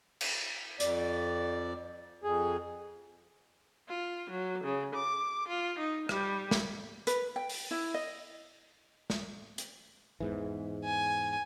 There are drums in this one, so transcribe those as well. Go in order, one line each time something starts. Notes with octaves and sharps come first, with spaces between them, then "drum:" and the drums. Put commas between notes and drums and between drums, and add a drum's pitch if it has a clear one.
drum: cymbal
F2 D5, drum: hi-hat
F2 G#4
F4
F#3
C#3
D6
F4
D#4
G3, drum: rim click
drum: snare
B4, drum: hi-hat
G5
drum: open hi-hat
E4
D#5
drum: snare
drum: hi-hat
E2 G#2 E3
G#5